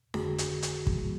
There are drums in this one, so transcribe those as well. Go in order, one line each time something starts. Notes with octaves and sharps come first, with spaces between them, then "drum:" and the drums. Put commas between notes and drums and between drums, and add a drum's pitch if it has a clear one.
G1 F2 D3 F#4 G#4, drum: snare D4
drum: hi-hat
drum: hi-hat
G2 E3 G3 A#3, drum: kick